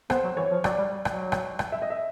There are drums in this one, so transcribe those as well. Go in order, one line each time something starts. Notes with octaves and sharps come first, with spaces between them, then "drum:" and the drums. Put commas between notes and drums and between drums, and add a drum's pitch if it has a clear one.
B3 C5, drum: rim click
F#3
E3 C#5
F3
F#3 D5, drum: rim click
G3
G3
F#3, drum: rim click
drum: rim click
drum: rim click
E5
D#5
E5